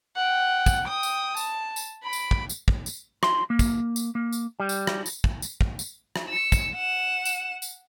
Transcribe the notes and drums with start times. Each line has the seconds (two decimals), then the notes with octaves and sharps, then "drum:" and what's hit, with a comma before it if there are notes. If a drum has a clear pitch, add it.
0.16 F#5 G5
0.66 drum: kick, tambourine
0.84 G5 D#6
1.03 drum: tambourine
1.37 A5, drum: tambourine
1.76 drum: tambourine
2.03 B5 D7
2.13 drum: tambourine
2.31 drum: kick
2.49 drum: tambourine
2.68 drum: kick
2.86 drum: tambourine
3.23 C6, drum: rim click
3.50 A#3
3.59 drum: kick, tambourine
3.96 drum: tambourine
4.15 A#3
4.33 drum: tambourine
4.60 G3
4.69 drum: tambourine
4.87 drum: rim click
5.06 drum: tambourine
5.24 drum: kick
5.42 drum: tambourine
5.61 drum: kick
5.79 drum: tambourine
6.16 drum: rim click
6.29 E6 C#7
6.52 drum: kick, tambourine
6.75 F#5 E7
7.25 drum: tambourine
7.62 drum: tambourine